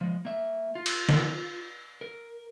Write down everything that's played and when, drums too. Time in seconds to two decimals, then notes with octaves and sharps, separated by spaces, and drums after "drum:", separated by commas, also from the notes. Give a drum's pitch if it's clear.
0.01 F3 G#3
0.25 A#3 E5
0.75 F4
0.86 drum: cymbal
1.09 drum: snare
2.01 A#4